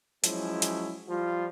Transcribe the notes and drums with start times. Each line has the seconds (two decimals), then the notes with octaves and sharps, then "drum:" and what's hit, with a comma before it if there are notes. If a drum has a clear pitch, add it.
0.24 F3 F#3 G#3 C#4 E4, drum: hi-hat
0.62 drum: hi-hat
1.09 F3 G3 F4